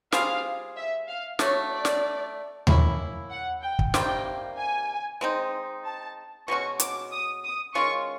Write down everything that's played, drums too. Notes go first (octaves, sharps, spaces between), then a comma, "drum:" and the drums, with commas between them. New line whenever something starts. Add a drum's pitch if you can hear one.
G3 C4 F4 G#4 F5, drum: snare
E5
F5
A3 D4 F#4 C#5, drum: snare
D5
drum: snare
A#3 C#4 E4, drum: tom D#2
F#5
G5
drum: kick
C3 D#3 G3 A#3 G5, drum: snare
G#5
G#3 C4 D#4
A5
B2 G#3 C#4 F#4 C#6
D6, drum: hi-hat
D#6
D#6
D#3 G#3 C#4 F4 C#6